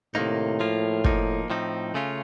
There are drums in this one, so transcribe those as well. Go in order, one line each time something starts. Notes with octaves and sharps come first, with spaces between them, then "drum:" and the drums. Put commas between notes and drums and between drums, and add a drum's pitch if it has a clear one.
A2 C3 D#3 A#3 D#4
F3 A#3 F4
F3 A#3 D#4, drum: kick
A2 F3 C4 D#4
C#3 A3 C#4 F4